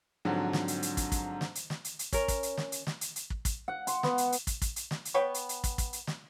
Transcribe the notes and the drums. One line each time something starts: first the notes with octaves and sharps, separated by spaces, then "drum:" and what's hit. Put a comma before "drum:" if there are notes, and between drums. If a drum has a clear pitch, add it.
G#2 D3 F3 F#3 C4
drum: snare
drum: hi-hat
drum: hi-hat
drum: kick, hi-hat
drum: kick, hi-hat
drum: snare
drum: hi-hat
drum: snare
drum: hi-hat
drum: hi-hat
C#4 A#4, drum: kick, hi-hat
drum: kick, hi-hat
drum: hi-hat
drum: snare
drum: hi-hat
drum: snare
drum: hi-hat
drum: hi-hat
drum: kick
drum: kick, hi-hat
F#5
C6, drum: hi-hat
B3, drum: snare
drum: hi-hat
drum: hi-hat
drum: kick, hi-hat
drum: kick, hi-hat
drum: hi-hat
drum: snare
drum: hi-hat
B3 B4 C#5 G5
drum: hi-hat
drum: hi-hat
drum: kick, hi-hat
drum: kick, hi-hat
drum: hi-hat
drum: snare